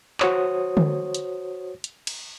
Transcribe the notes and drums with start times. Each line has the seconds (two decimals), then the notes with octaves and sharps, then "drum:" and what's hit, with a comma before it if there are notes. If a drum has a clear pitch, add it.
0.20 F#4 C5 C#5 D#6, drum: clap
0.77 drum: tom D3
1.15 drum: hi-hat
1.84 drum: hi-hat
2.07 drum: cymbal